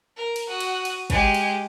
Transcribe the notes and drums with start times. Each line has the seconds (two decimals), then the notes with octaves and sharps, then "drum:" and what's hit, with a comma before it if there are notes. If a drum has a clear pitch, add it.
0.17 A#4
0.36 drum: cymbal
0.49 F#4 D#6
0.60 drum: cymbal
0.85 drum: cymbal
1.10 G#3 G4, drum: kick, cymbal
1.34 drum: cymbal